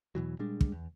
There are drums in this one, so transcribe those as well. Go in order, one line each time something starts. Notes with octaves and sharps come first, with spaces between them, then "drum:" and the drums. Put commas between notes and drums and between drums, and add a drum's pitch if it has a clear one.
E2 B2 E3 F#3
A#2 G3 G#3 D4
drum: kick
E2